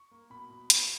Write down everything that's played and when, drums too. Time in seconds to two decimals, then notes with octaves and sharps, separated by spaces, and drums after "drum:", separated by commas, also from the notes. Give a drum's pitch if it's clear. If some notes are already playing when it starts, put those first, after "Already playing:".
Already playing: C#6
0.11 A#3
0.30 B2 B5
0.50 B2
0.70 B3 B5, drum: hi-hat